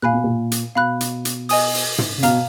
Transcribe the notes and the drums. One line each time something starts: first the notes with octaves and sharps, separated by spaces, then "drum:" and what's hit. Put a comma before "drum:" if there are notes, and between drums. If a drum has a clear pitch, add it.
A#2 F5 G#5 B5 F#6
B2
A#2
drum: hi-hat
B2 F5 B5 F#6
drum: hi-hat
drum: hi-hat
D#5 G#5 D#6, drum: open hi-hat
drum: open hi-hat
drum: tom
C#3
B2 F5 A#5 F6, drum: hi-hat